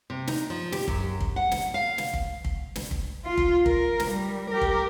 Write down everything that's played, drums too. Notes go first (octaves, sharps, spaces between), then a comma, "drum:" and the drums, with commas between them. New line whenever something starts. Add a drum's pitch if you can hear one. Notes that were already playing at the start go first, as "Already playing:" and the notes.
C3
D#4, drum: snare
F3
G4, drum: snare
F#2, drum: kick
drum: kick
F#5
drum: snare
F5
drum: snare
drum: kick
drum: kick
drum: snare
drum: kick
F4
drum: kick
A#4, drum: kick
drum: snare
G3
G4 A#4
drum: kick